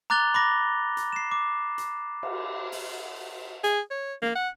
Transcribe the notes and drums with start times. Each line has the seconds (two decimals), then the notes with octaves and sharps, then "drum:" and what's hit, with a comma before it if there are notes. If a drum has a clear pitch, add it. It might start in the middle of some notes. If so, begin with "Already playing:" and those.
0.10 A#5 D6 F#6 A6 F7 G7
0.34 B5 D6 A#6
0.97 drum: hi-hat
1.13 C7 E7
1.32 D6
1.78 drum: hi-hat
2.23 drum: cymbal
2.72 drum: open hi-hat
3.64 G#4, drum: hi-hat
3.91 C#5
4.22 A#3, drum: snare
4.36 F#5